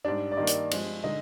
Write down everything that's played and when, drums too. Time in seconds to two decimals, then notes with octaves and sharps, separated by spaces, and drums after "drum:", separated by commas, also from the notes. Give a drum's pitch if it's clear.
0.04 G#2 G3 D4 D5
0.32 D5
0.37 G2 D#3 A#3 D#5
0.47 drum: hi-hat
0.71 G2 F3 G#3, drum: cymbal
1.04 D3 G#3 D#4 D#5